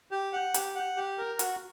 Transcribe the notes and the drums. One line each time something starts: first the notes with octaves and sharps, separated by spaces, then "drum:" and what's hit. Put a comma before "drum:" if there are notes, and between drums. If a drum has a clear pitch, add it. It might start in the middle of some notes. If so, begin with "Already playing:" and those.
G4
F#5
G4, drum: hi-hat
F#5
G4
A#4
F#4, drum: hi-hat